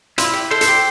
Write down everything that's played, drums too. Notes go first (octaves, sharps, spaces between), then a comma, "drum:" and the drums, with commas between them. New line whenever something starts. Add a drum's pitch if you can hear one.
E4 F4, drum: hi-hat
G4
A4 C5
A4, drum: hi-hat
G4